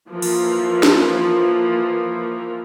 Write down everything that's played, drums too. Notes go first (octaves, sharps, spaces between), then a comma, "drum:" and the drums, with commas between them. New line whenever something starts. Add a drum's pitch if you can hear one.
E3 F3 A#3
drum: open hi-hat
drum: snare